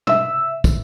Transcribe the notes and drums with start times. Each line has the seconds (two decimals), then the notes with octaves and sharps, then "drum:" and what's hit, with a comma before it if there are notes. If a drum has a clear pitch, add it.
0.07 E5 E6, drum: tom
0.64 drum: kick, tambourine